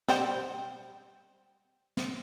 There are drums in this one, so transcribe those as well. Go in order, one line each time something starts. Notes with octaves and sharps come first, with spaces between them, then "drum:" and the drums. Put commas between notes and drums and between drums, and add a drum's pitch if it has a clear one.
G3 C5 G5, drum: snare
drum: snare